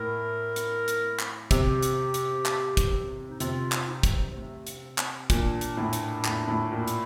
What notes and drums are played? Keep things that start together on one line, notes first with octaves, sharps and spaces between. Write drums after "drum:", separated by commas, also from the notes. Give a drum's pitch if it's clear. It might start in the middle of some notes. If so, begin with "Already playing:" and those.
Already playing: A2 A#4
drum: hi-hat
drum: hi-hat
drum: clap
C3 G4, drum: kick, hi-hat
drum: hi-hat
drum: hi-hat
drum: clap
drum: kick, hi-hat
D#4
C3 F4, drum: hi-hat
drum: clap
D#4
drum: kick, hi-hat
A3
drum: hi-hat
drum: clap
A#2 D4, drum: kick, hi-hat
drum: hi-hat
A2
drum: hi-hat
A2, drum: clap
A2
A#2
drum: hi-hat